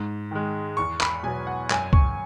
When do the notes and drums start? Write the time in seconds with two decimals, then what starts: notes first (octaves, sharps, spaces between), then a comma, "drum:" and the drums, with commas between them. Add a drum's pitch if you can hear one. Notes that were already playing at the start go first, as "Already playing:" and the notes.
Already playing: G#2
0.31 D#3 G#3
0.77 E2 C#6
1.01 B5, drum: clap
1.23 B2 F#3 B3 G#5
1.47 F#5
1.70 F#2 G#5, drum: clap
1.93 C#6, drum: kick